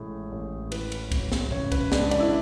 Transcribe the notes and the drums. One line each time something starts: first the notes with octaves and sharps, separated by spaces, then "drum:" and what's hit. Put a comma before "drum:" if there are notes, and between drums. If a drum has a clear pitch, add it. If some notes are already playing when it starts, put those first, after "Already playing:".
Already playing: A1 A2 G#3 G#4
A1
E3 B4, drum: cymbal
drum: cymbal
F#2, drum: kick, cymbal
drum: snare
C#3 C#5, drum: tom G#2
B4, drum: kick, cymbal
G#3 D4, drum: snare
D4, drum: cymbal
E4